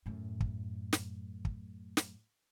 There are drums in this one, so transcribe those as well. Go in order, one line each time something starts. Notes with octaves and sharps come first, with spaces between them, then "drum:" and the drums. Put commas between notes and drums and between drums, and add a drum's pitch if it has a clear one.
F#2 A2
drum: kick
drum: snare
drum: kick
drum: snare